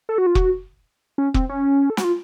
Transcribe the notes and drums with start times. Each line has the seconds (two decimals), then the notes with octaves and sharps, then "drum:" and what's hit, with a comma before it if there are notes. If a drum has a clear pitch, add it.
0.09 A4
0.18 F#4
0.26 F4
0.35 F#4, drum: kick
1.18 C#4
1.34 C4, drum: kick
1.49 C#4
1.90 A4
1.97 F#4, drum: snare
2.04 F4